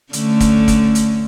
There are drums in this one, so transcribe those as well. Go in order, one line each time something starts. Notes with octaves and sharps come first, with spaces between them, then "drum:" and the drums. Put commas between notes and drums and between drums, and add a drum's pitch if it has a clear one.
D3 A3 C#4, drum: hi-hat
drum: kick, hi-hat
drum: kick, hi-hat
drum: hi-hat